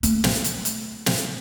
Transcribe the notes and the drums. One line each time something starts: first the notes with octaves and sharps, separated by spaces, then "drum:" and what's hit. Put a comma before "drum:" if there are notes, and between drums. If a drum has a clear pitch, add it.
A3 A#3, drum: hi-hat
drum: snare
drum: hi-hat
drum: hi-hat
drum: snare